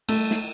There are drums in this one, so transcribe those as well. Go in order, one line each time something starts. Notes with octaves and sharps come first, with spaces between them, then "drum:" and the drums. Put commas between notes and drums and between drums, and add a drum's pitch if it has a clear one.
A3, drum: cymbal
drum: snare